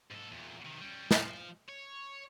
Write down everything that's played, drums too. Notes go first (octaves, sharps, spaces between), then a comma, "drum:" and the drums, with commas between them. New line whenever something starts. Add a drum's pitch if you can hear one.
G#2 A4
E2 A#2
C3 D#3
G3 C#4
F3, drum: snare
C#5